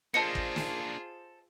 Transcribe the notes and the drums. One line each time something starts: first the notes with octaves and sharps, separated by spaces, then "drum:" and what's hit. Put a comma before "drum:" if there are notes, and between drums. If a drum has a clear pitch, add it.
A#3 D4 F4 G#4 A4 C5 D#5 C#7
drum: kick
drum: snare